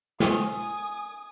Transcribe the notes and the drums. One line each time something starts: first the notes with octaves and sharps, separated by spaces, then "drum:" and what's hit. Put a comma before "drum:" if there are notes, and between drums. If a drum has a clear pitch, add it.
G#5 D#6, drum: snare